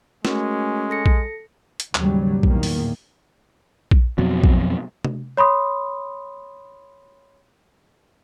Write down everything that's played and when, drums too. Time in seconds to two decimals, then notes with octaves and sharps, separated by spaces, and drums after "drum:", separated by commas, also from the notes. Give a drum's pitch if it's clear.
0.25 G#3 A3 C#4 F#4 A#4, drum: snare
0.90 A4 A#6 C#7
1.06 drum: kick A#1
1.80 drum: hi-hat
1.95 D#2 G#2 C#3 F#3 G3, drum: clap
2.43 E2 A#2 D#3 A#3, drum: kick A#1
2.63 drum: open hi-hat
3.91 drum: kick A#1
4.18 F2 B2 F#3
4.44 drum: kick A#1
5.05 drum: tom
5.37 C#5 B5 C6 D#6